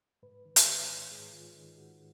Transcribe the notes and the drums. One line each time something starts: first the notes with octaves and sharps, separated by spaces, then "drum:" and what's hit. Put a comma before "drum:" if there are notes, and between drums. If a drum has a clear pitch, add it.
G#2 B4
D#3
B4, drum: hi-hat
D#3 C#5
G#2
G#2 G#4
D#3 F4
D#3 D#4
G#2 F#4